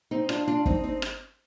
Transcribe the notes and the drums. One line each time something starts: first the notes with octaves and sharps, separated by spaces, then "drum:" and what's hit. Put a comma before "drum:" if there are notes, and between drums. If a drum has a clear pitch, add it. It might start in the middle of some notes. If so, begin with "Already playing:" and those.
C4 D#4
D4 F4, drum: rim click
D4 F4
C4 D#4, drum: kick
C4 D#4
drum: rim click